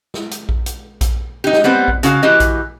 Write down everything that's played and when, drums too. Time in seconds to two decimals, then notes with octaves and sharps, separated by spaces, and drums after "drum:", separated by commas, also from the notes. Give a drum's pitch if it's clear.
0.14 drum: snare
0.31 drum: hi-hat
0.49 drum: kick A#1
0.66 drum: hi-hat
1.01 drum: kick A#1, hi-hat
1.44 D#4 G4
1.53 drum: snare
1.64 G3 B3 C4 C5
1.88 drum: kick A#1
2.03 C#3 F#4 F5, drum: hi-hat
2.23 E3 F#4 G4 D#5
2.40 drum: kick A#1, hi-hat